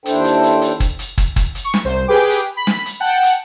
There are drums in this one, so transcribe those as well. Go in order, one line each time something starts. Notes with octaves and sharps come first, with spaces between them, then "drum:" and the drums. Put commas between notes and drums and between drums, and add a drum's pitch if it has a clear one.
D#2 D4 E4 A4 C5 G5, drum: hi-hat
drum: hi-hat
drum: hi-hat
drum: hi-hat
drum: kick, hi-hat
drum: hi-hat
drum: kick, hi-hat
drum: kick, hi-hat
drum: hi-hat
C#6
drum: snare
C2 C5
G4 G#4 B4 G5 D6
drum: hi-hat
B5
drum: snare
drum: hi-hat
F#5 G5 A5
drum: hi-hat